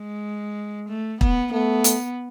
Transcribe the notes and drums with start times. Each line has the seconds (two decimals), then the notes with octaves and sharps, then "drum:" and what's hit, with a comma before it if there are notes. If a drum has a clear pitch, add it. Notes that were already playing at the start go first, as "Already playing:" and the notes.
Already playing: G#3
0.89 A3
1.21 B3, drum: kick
1.52 A3 B3
1.84 drum: hi-hat